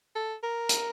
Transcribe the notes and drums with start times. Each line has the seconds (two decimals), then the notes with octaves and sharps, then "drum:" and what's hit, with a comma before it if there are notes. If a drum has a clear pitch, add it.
0.15 A4
0.43 A#4
0.69 drum: hi-hat